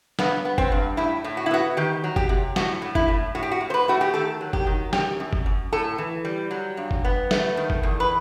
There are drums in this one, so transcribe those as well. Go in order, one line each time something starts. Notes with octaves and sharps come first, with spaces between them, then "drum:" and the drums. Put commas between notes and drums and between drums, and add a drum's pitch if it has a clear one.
G2 B3, drum: snare
B3
C4, drum: kick F#1
G2
A2 E4
A2
F#4
E4
B3 F#4
D#3 G4
F#3
G4, drum: kick F#1
C3
A2 F#4, drum: snare
A2
E4, drum: kick F#1
A2
A2 F#4
G4
F#4
A2
C5
B4
A3 F#4
G4
D#3 A4
F#3
G4, drum: kick F#1
D#3
F#2 G4, drum: snare
F#2
drum: kick F#1
F#2
A2 A4
E3
G3
F#3
G2
drum: kick F#1
B3
A3, drum: snare
D#3
drum: kick F#1
E2
B4